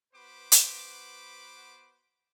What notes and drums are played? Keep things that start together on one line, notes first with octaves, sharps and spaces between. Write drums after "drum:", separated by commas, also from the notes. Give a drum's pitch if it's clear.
B3 F#4 B4 C5 B5 D6
drum: hi-hat